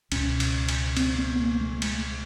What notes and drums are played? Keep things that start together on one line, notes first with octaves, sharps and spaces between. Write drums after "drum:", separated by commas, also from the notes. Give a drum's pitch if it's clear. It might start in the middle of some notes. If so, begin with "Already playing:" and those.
C#2 B2 C#4, drum: cymbal
drum: cymbal
drum: cymbal
C4, drum: cymbal
B3
A#3
A3
G#3, drum: cymbal